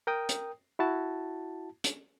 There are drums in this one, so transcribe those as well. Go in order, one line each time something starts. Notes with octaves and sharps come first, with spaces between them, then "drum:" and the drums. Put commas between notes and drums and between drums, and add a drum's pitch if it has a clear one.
A#4 G5 D#6
drum: hi-hat
E4 F#4 A5
drum: hi-hat